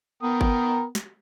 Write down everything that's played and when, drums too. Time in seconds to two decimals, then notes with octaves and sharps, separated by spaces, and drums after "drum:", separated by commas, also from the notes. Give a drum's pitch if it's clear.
0.23 B3 A#4 G5 D#6
0.41 drum: kick G1
0.95 drum: snare